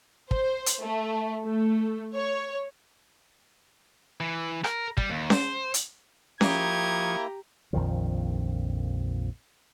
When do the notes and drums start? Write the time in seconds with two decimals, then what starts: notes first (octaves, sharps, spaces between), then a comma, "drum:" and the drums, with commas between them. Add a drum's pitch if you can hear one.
0.31 C5, drum: kick
0.66 drum: hi-hat
0.82 A3
1.44 A3
2.15 C#5
4.20 E3
4.64 A#4, drum: rim click
4.97 G3, drum: kick
5.10 D#2
5.30 C5, drum: snare C#4
5.74 drum: hi-hat
6.41 F3 A#3 E4 G4 A#5 C#6 D#6 G#6, drum: snare C#4
7.73 A#1 F2 D#3 F3